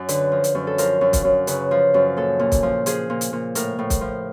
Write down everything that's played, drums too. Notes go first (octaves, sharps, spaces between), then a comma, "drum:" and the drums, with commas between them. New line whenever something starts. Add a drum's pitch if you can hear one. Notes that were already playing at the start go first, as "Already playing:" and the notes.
Already playing: F#2
D3 B4, drum: hi-hat
F3
drum: hi-hat
F#2
A4
F3 A#4, drum: hi-hat
F#2
drum: kick, hi-hat
F#2
C#3 B4, drum: hi-hat
F3
F#2
A#2 A4
A#2
drum: kick, hi-hat
F3
F3 G#4, drum: hi-hat
A#2
drum: hi-hat
A#2
A2 A#4, drum: hi-hat
A2
drum: kick, hi-hat
F3